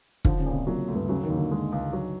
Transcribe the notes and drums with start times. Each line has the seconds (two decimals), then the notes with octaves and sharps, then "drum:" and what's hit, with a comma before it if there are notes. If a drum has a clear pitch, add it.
0.25 D3 F3, drum: kick
0.39 C#3
0.46 A#1
0.53 C3
0.67 A#2 F#3
0.88 D2
0.95 G2
1.09 C#3 F#3
1.23 D#3
1.30 D#2
1.37 D3
1.51 G#3
1.72 C#2
1.93 F#3